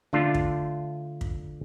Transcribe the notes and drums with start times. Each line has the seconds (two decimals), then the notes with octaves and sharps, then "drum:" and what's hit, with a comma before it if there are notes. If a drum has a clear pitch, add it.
0.13 D3 A3 D4 F4
0.34 drum: kick
1.21 drum: kick